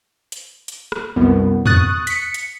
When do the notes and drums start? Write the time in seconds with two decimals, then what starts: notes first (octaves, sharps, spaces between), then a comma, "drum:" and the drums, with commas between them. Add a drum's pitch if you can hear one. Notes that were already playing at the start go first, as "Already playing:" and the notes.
0.32 drum: hi-hat
0.68 drum: hi-hat
0.92 drum: rim click
1.16 C2 F#2 B3
1.66 C#6 D#6 F#6 A6, drum: tom
2.07 B6 C#7, drum: hi-hat
2.34 drum: hi-hat